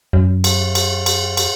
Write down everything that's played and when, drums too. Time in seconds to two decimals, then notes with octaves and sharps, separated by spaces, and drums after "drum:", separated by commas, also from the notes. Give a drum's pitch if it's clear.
0.13 F#2
0.44 drum: cymbal
0.75 drum: cymbal
1.06 drum: cymbal
1.37 drum: cymbal